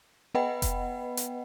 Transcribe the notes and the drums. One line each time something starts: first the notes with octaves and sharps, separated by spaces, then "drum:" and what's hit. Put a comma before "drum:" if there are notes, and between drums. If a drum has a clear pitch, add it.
B3 B4 D#5 F#5 G5 B5
drum: kick F1, hi-hat
drum: hi-hat